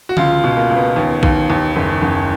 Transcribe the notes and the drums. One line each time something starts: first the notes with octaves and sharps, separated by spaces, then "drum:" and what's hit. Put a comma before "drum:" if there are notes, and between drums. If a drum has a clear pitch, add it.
F#4
C#2 F4, drum: tom D3
B2
A#3
C#2
B3
D#2
D#2, drum: kick
D#2
F#1
F#1